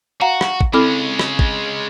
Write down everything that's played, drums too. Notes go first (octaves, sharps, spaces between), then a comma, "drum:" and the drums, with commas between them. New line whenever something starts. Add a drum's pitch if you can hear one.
F#4 F5 F#5 A#5
drum: rim click
drum: kick
C#3 G#3 C4 E4 A4 B5 D6 F6
drum: rim click
drum: kick